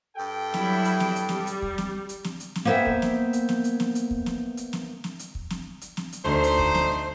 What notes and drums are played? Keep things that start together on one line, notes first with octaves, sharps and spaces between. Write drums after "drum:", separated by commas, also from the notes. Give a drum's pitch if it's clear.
G2 A4 G5
F#3 G3 E4, drum: snare
drum: hi-hat
drum: snare
drum: hi-hat
G3, drum: snare
drum: hi-hat
drum: kick
drum: snare
drum: hi-hat
drum: snare
drum: hi-hat
drum: snare
A#3 B3 C5 C#5 E5 G5
drum: kick
drum: snare
drum: hi-hat
drum: snare
drum: hi-hat
drum: snare
drum: hi-hat
drum: kick
drum: snare
drum: hi-hat
drum: snare
drum: snare
drum: hi-hat
drum: kick
drum: snare
drum: hi-hat
drum: snare
drum: hi-hat
D2 A3 D#4 C5
drum: hi-hat
drum: kick
drum: snare